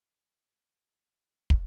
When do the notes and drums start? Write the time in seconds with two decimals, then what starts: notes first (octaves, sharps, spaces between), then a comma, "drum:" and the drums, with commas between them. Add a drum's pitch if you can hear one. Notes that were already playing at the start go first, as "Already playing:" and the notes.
Already playing: C#3 E3
0.14 B2 D#3
0.28 A4
0.36 A2
0.40 G#2 B2 G#4
0.53 A4
0.69 B4
1.50 drum: kick